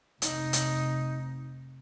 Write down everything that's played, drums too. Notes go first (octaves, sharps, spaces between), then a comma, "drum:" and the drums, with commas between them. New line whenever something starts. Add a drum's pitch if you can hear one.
F1 D#4, drum: hi-hat
drum: hi-hat